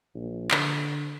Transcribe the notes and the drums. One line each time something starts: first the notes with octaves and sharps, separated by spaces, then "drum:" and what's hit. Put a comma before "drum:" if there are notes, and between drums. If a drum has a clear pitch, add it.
A#1
D3, drum: clap